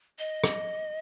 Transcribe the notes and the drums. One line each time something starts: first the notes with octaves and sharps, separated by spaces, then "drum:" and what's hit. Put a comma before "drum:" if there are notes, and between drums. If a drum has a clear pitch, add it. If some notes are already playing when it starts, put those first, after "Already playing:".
D#5
drum: rim click